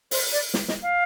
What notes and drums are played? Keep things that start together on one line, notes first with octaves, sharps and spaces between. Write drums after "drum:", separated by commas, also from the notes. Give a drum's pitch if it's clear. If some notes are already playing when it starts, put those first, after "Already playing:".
C5, drum: open hi-hat
D5
drum: snare
D#5, drum: snare
F5